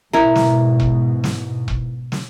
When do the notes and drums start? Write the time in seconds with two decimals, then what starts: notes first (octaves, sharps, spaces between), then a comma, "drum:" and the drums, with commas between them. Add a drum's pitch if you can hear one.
0.13 G#2 B2 E4 A#4
0.36 drum: snare
0.80 drum: kick E1
1.24 drum: snare
1.68 drum: kick E1
2.12 drum: snare